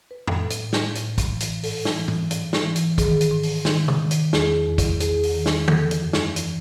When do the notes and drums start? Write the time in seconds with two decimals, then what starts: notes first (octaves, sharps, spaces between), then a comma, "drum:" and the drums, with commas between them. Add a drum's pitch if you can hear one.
0.11 B4
0.27 A2 A4, drum: tom
0.50 drum: hi-hat
0.62 A2
0.73 drum: snare
0.95 A2, drum: hi-hat
1.18 drum: kick, hi-hat
1.30 E3
1.40 drum: hi-hat
1.63 G#2 A4, drum: open hi-hat
1.85 drum: snare
1.97 E3
2.08 drum: tom
2.31 G#2, drum: hi-hat
2.53 drum: snare
2.64 E3
2.76 drum: hi-hat
2.98 D#3 G#4, drum: kick, hi-hat
3.21 drum: hi-hat
3.32 G#2
3.43 drum: open hi-hat
3.65 D#3, drum: snare
3.88 drum: tom
3.99 D#3
4.11 drum: hi-hat
4.33 E2 G#4, drum: snare
4.67 E2
4.78 drum: kick, hi-hat
5.00 E2 G#4, drum: hi-hat
5.23 drum: open hi-hat
5.34 D#3
5.46 drum: snare
5.68 E3 A4, drum: tom
5.91 drum: hi-hat
6.02 F#2
6.13 drum: snare
6.36 E3, drum: hi-hat